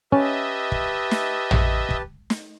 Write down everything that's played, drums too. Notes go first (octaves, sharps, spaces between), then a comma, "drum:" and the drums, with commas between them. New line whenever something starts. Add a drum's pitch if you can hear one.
C#4 G4 B4 D#5 E5 A5
drum: kick
drum: snare
drum: tom
drum: kick
drum: snare